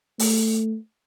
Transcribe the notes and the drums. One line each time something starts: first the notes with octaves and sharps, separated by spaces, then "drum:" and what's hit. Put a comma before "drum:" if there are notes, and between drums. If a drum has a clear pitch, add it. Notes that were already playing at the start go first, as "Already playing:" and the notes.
A3, drum: open hi-hat